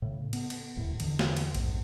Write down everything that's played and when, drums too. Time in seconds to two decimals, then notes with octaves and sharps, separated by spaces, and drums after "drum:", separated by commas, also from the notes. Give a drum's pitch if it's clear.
0.02 A2 C#3
0.33 B3, drum: cymbal
0.50 drum: cymbal
0.76 D1 D#2 A2
1.00 E2 D3 E3, drum: cymbal
1.19 drum: snare
1.37 drum: cymbal
1.54 A#1 F2 G#2, drum: cymbal